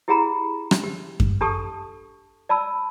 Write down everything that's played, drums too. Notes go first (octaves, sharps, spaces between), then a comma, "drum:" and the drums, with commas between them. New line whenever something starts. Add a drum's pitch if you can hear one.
E4 G4 G#4 F#5 A#5 B5
drum: rim click
G4
drum: kick F#2
D4 G4 A4 A5 C#6 D#6
D5 A5 B5 E6